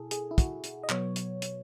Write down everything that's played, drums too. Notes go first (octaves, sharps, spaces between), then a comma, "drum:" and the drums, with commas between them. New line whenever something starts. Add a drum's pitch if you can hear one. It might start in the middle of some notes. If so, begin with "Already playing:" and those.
Already playing: B2 E4 G#4 A4
G#4, drum: hi-hat
E4
F#4, drum: kick, hi-hat
drum: hi-hat
D#5
B2 F#3 B3 C#5, drum: clap
drum: hi-hat
drum: hi-hat